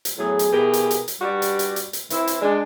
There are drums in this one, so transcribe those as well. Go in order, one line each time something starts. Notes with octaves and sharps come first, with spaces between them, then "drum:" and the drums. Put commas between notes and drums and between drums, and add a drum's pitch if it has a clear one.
drum: hi-hat
E2 A2 F#3 G#4
drum: hi-hat
B2 E3 G4 G#4 A#4
drum: hi-hat
drum: hi-hat
drum: hi-hat
G2 G3 F#4 G4 D5
drum: hi-hat
drum: hi-hat
drum: hi-hat
drum: hi-hat
E3 C4 E4, drum: hi-hat
drum: hi-hat
G#3 D4